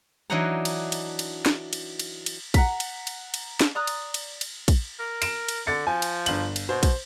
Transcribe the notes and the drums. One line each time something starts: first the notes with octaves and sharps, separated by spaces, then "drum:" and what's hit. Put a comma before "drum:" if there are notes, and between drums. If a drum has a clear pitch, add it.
E3 F#3 D4 D#4 F#5 A#5
drum: cymbal
drum: cymbal
drum: cymbal
drum: snare
drum: cymbal
drum: cymbal
drum: cymbal
F#5 A#5 B6, drum: kick, cymbal
drum: cymbal
drum: cymbal
drum: cymbal
drum: snare
D5 A#5 D#6 F#6
drum: cymbal
drum: cymbal
drum: cymbal
drum: kick, cymbal
A#4
D7 E7, drum: cymbal
drum: cymbal
D3 A6 C#7
F3 G#5
drum: cymbal
G1 F#7, drum: cymbal
drum: cymbal
B2 C5
drum: kick, cymbal